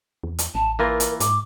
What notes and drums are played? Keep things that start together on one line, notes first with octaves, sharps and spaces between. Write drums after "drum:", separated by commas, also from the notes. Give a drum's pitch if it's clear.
E2
drum: hi-hat
A1 A5
E3 A#3 F4 A#4
drum: hi-hat
G#2 D6, drum: hi-hat